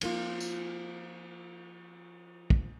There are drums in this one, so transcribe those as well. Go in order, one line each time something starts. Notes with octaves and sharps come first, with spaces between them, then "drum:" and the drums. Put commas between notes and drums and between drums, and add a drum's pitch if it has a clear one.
F3 A#3 F4, drum: cymbal
drum: tambourine
drum: kick